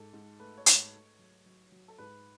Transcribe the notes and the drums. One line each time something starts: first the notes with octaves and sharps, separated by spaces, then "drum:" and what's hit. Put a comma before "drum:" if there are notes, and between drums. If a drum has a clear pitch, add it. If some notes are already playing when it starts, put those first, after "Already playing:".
Already playing: G#2 A4
G#2
A3 B4
C#5
G#2, drum: hi-hat
C#5
A3
F#3
F#3
F#3
A4
G#2 B4